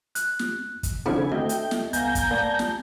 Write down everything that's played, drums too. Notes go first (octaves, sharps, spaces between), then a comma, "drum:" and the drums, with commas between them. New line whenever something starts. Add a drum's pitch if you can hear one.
F#6, drum: hi-hat
drum: snare
drum: kick, hi-hat
C#3 F3 C4 D4 E4 A4 G#5
D2 A4 D#5 E5 G5
drum: hi-hat
drum: snare
C2 B3 F5 G#5 A#5 G6, drum: hi-hat
drum: kick, hi-hat
A#3 D5 A5
drum: snare